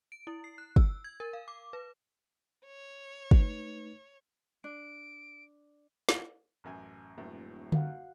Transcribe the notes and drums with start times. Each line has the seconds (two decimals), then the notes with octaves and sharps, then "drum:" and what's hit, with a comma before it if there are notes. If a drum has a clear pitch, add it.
0.12 D7
0.27 E4
0.44 C7
0.58 F#6
0.76 E6, drum: kick
1.04 G#6
1.20 A#4
1.33 F5
1.48 D6
1.73 B4
2.65 C#5
3.31 A3 D#4 B4, drum: kick
4.64 D4 D7
6.09 drum: snare
6.64 A1 F#2 G#5
7.18 D#1 F#2 A2 F3 B4
7.72 F#4 F5 F#5, drum: tom D3